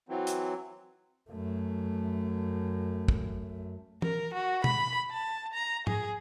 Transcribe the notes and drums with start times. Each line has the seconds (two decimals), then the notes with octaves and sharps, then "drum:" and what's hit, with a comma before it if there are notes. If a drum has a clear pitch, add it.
0.09 E3 F#3 C4
0.27 drum: hi-hat
1.31 F#2 A3
3.08 drum: kick
4.02 A#4, drum: tom
4.34 F#4
4.64 B5, drum: tom
5.11 A5
5.53 A#5
5.87 G#4, drum: tom G#2